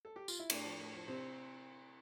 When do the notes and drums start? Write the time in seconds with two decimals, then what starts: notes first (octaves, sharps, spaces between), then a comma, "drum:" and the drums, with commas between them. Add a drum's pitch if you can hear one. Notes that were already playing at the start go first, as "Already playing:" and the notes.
0.05 A4
0.16 G4
0.28 F4, drum: tambourine
0.39 E4
0.50 A2 D4, drum: cymbal
0.64 F3
0.79 A2
0.94 F3
1.07 C3 C4